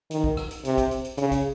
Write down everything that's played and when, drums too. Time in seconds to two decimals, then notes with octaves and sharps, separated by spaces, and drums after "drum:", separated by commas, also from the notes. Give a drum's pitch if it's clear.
0.11 D#3, drum: hi-hat
0.24 drum: kick
0.37 drum: rim click
0.51 drum: hi-hat
0.65 C3, drum: hi-hat
0.78 drum: kick, hi-hat
0.91 drum: hi-hat
1.05 drum: hi-hat
1.17 C#3, drum: hi-hat
1.31 drum: kick, hi-hat